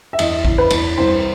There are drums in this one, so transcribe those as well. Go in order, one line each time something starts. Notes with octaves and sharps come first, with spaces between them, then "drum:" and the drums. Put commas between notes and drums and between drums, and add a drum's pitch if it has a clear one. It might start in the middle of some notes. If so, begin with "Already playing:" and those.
E5
E2 D#5, drum: cymbal
E2, drum: kick
B4
E2, drum: cymbal
C2 C5